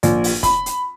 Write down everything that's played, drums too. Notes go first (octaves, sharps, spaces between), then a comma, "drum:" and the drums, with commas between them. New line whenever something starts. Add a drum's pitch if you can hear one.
A#1, drum: hi-hat
drum: open hi-hat
B5, drum: kick, hi-hat
drum: hi-hat